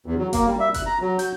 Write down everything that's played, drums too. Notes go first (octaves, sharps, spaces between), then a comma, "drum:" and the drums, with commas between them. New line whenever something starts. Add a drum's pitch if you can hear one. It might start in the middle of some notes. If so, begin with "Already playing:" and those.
E2
F#3
A#3, drum: kick F#1, hi-hat
G3
E5
F#6, drum: kick F#1, hi-hat
A#5
F#3
G6, drum: hi-hat